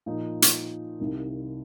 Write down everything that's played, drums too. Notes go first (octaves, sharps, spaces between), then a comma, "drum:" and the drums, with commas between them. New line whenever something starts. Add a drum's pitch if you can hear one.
A#2 F3 D#4
drum: hi-hat
C2 C3 D#3